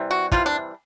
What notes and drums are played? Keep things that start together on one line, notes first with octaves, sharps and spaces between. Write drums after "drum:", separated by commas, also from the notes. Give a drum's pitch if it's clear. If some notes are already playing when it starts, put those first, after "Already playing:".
Already playing: C3 E3 G3
F#4
C3 E3 G3 F4, drum: kick
D4